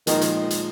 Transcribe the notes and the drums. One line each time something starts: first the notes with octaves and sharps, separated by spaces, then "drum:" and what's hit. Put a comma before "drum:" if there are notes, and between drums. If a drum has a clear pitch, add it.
A#2 D#3 F3 G#3 D#4 G#4, drum: hi-hat
drum: hi-hat
drum: hi-hat